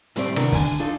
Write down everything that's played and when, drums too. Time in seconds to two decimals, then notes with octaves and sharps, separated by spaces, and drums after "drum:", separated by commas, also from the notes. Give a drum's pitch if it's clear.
0.16 A2 G3 A3 C4 C5 D5, drum: hi-hat
0.36 C3 D#3 A3 B3 D4 A#4, drum: rim click
0.53 D3 G#5, drum: kick, open hi-hat
0.80 D4 D#4 F4 A4